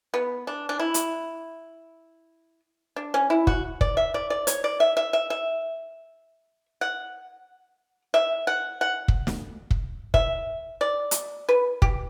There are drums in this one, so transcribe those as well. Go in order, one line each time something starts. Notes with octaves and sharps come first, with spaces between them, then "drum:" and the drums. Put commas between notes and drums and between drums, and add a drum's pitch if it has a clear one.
B3
D4
D4
E4
drum: hi-hat
D4
C#4
E4
F#4, drum: kick
D5, drum: kick
E5
D5
D5
C#5, drum: hi-hat
D5
E5
E5
E5
E5
F#5
E5
F#5
F#5
drum: kick
drum: snare
drum: kick
E5, drum: kick
D5
drum: hi-hat
B4
G4, drum: kick